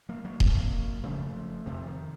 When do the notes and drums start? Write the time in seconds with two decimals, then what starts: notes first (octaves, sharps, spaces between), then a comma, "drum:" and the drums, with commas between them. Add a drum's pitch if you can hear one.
0.09 F#3 A#3
0.25 F#3 A#3
0.40 F2 C3 F#3 A#3, drum: kick D#1
1.03 F#2 C#3 F3 A3
1.66 F2 C3 F3
1.87 D#3